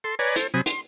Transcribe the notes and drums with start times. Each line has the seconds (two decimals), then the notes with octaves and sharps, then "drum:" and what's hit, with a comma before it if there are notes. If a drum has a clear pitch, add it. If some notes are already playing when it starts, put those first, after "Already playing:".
0.04 A4 C6
0.19 B4 C#5 D5 G#5 A#5
0.36 A4 C5, drum: hi-hat
0.54 C3 F#3 C4 G#5 B5 D#6
0.66 C6, drum: hi-hat